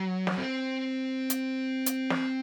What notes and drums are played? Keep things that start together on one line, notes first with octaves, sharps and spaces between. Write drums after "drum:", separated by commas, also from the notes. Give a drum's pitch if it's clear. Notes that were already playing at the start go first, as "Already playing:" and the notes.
Already playing: F#3
drum: snare
C4
drum: hi-hat
drum: hi-hat
drum: snare